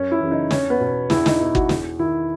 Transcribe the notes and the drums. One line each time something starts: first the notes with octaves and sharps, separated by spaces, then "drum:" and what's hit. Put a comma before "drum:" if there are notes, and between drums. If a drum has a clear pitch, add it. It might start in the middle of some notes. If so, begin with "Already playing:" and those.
Already playing: F#2 C#4
E4
C#3 E3
D#4
E2 C#4, drum: snare
B3
B2
E2 E4, drum: snare
D#4, drum: snare
B2 E4
F#4, drum: kick G1
E2, drum: snare
D#3 E4